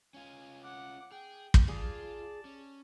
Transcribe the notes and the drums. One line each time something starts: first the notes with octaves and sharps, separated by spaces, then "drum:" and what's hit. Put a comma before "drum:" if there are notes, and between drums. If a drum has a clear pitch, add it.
C#4 F4 G#5
F#5 D6
G#4 G5
drum: kick
F4 G#4 D5 A5
C#4